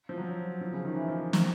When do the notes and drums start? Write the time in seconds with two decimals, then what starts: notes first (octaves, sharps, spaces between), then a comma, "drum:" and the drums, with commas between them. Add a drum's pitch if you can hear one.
0.09 F3
0.18 F#3
0.61 F3
0.73 C#3
0.85 D#3
0.96 E3
1.08 F3
1.33 drum: snare